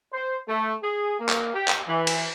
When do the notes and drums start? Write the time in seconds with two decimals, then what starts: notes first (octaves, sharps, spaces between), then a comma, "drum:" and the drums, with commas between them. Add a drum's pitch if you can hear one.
0.13 C5
0.48 A3
0.82 G#4
1.19 A#3
1.29 drum: clap
1.54 G4
1.68 drum: clap
1.88 E3
2.07 drum: cymbal